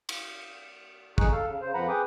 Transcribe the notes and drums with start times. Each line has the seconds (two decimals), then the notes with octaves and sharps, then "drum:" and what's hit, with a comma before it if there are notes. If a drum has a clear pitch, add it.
0.09 drum: cymbal
1.18 F2 D#4 G#4 C#6 F#6, drum: kick
1.32 A4 F5
1.47 C#3
1.62 C#3 C5
1.74 F2 F3 B4 F#5 A#5 B5
1.88 G#4 B4 G5 D6 D#6